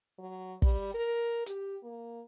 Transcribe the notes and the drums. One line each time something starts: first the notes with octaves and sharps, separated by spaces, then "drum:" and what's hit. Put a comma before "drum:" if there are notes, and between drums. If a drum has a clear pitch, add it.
F#3
G3, drum: kick
A#4
G4, drum: hi-hat
A#3